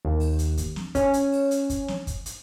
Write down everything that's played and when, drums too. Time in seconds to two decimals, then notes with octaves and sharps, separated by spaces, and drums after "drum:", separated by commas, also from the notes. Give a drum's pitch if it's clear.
0.05 D#2
0.20 drum: open hi-hat
0.39 drum: hi-hat
0.57 drum: kick, hi-hat
0.76 drum: snare
0.95 C#4, drum: kick, hi-hat
1.14 drum: hi-hat
1.32 drum: open hi-hat
1.51 drum: hi-hat
1.70 drum: kick, hi-hat
1.88 drum: snare
2.07 drum: kick, hi-hat
2.26 drum: hi-hat